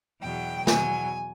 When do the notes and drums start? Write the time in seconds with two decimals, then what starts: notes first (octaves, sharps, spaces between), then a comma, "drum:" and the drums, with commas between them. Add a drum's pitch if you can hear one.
0.20 E2 B2 F#3 G5
0.67 E2 B2 F#3 G#5, drum: snare